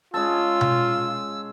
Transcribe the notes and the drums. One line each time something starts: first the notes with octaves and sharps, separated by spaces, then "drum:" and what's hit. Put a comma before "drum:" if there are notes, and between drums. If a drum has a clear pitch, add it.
G#3 C#4 F4 A5 E6
drum: tom B2